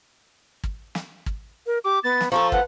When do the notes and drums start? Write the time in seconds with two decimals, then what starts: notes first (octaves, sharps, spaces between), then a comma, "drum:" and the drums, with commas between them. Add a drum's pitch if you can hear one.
0.64 drum: kick
0.95 drum: snare
1.26 drum: kick
1.66 A#4
1.84 G4 D6
2.04 B3 A6
2.21 drum: snare
2.32 F3 F4 A4 A#5 C#6
2.52 B4 F#5, drum: kick